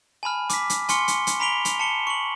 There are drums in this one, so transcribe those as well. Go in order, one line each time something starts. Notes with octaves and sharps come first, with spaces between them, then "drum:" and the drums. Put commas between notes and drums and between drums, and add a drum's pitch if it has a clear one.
G#5 A5 B5 F6
D6 B6, drum: hi-hat
drum: hi-hat
G#5 C6 C#6 F6 C#7 G7, drum: hi-hat
drum: hi-hat
drum: hi-hat
A#5 B5 B6 D7 F7 G7
drum: hi-hat
A5 C#7 G7
C#6 F#7